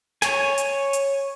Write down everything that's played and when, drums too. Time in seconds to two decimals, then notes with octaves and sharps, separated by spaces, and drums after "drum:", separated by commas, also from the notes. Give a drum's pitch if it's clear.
0.22 C#5 G#5, drum: snare
0.58 drum: hi-hat
0.93 drum: hi-hat